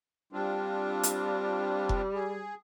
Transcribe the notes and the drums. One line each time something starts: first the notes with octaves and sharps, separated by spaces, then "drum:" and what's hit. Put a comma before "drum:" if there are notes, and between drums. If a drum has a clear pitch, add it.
G3 C4 D4 F4
drum: hi-hat
drum: kick F1
G#4